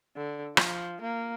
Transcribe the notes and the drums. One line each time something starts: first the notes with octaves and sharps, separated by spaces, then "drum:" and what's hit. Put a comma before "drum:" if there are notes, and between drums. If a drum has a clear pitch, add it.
D3
F3, drum: rim click
A#3